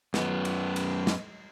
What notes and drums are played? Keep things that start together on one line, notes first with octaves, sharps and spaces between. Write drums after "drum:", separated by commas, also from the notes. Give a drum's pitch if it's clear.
F#2 B3, drum: snare
drum: cymbal
drum: cymbal
drum: snare